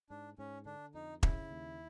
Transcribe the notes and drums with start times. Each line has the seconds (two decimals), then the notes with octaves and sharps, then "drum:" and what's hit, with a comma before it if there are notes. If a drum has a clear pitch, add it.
0.10 G#2 D4
0.38 G#2 C#4
0.66 D3 D4
0.94 F2 D#4
1.23 C#3 E4, drum: kick E1
1.51 D#2